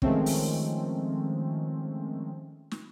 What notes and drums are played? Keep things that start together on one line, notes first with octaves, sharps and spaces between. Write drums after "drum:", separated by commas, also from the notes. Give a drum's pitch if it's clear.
D#3 F3 G#3 A3 C4 C#4, drum: kick
drum: open hi-hat
drum: snare